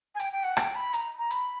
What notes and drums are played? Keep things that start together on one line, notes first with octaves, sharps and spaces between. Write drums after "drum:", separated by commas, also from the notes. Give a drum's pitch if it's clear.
G#5
G5, drum: hi-hat
G5
F#5
G5, drum: rim click
B5
A#5, drum: hi-hat
A#5
B5, drum: hi-hat